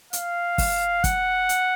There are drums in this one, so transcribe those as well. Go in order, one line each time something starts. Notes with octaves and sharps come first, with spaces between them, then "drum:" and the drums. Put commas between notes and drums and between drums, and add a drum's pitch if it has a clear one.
F5, drum: hi-hat
drum: kick, open hi-hat
F#5, drum: kick, hi-hat
drum: hi-hat